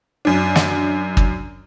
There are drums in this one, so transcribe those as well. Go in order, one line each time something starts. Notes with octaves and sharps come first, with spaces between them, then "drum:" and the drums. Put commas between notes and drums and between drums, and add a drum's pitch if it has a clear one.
F#2 D4
drum: snare
drum: kick